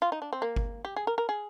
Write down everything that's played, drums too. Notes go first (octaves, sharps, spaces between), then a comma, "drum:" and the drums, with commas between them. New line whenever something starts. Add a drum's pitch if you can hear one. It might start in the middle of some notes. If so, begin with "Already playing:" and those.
F4
D#4
D4
C4
A#3
drum: kick G1
G4
G#4
A#4
A#4
G#4